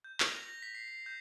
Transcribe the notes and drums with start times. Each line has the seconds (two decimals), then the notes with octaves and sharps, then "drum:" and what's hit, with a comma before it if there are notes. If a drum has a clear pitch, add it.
0.04 G6
0.20 F7, drum: clap
0.36 A#6
0.48 A#6
0.62 B6
0.75 C7
0.88 C7
1.06 G6